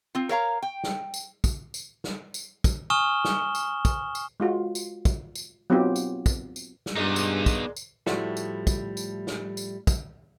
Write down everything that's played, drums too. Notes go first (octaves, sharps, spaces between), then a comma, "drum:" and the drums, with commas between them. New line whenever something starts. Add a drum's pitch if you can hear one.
C4 F4
A#4 C#5 F5 A#5
G5
drum: snare
drum: tambourine
drum: kick, tambourine
drum: tambourine
drum: snare
drum: tambourine
drum: kick, tambourine
G#5 C#6 D#6 F6 E7 G7
drum: snare
drum: tambourine
drum: kick, tambourine
drum: tambourine
G#3 F4 F#4
drum: tambourine
drum: kick, tambourine
drum: tambourine
F#3 B3 C4 D#4 F4 G4
drum: tambourine
drum: kick, tambourine
drum: tambourine
drum: snare
G2 A#2 G#3 B3 D#4
drum: tambourine
drum: kick, tambourine
drum: tambourine
A2 F3 G3 A3 E4 F#4, drum: snare
drum: tambourine
drum: kick, tambourine
drum: tambourine
drum: snare
drum: tambourine
drum: kick, tambourine